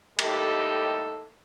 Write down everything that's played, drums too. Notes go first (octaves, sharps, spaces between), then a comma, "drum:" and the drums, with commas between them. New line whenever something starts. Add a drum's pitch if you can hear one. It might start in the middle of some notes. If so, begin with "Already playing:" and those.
D#2 A2 G3 D#4 G4 A4, drum: cymbal